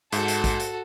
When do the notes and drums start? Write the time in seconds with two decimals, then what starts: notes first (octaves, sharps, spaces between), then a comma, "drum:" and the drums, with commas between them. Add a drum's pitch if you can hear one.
0.13 G#2 F#4 A4, drum: hi-hat
0.28 drum: hi-hat
0.44 drum: kick, hi-hat
0.60 drum: hi-hat